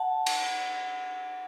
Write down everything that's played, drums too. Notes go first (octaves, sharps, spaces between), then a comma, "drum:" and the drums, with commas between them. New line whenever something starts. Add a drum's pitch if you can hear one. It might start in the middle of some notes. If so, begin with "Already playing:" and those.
Already playing: F#5 A5
F#5, drum: cymbal